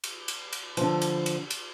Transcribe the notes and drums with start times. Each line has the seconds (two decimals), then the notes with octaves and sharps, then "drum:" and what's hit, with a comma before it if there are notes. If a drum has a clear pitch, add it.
0.04 drum: cymbal
0.28 drum: cymbal
0.53 drum: cymbal
0.77 D3 F3, drum: cymbal
1.02 drum: cymbal
1.26 drum: cymbal
1.51 drum: cymbal